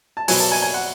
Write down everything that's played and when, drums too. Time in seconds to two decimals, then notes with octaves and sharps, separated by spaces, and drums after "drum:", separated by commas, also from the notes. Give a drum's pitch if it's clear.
0.17 A5
0.28 B2 F#3 G#5, drum: open hi-hat
0.40 A5
0.52 G#5
0.62 G#5
0.74 F#5